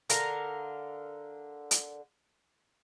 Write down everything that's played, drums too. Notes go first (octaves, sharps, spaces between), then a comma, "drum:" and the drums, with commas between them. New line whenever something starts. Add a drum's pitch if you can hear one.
D3 A#4 F5 A#5, drum: hi-hat
drum: hi-hat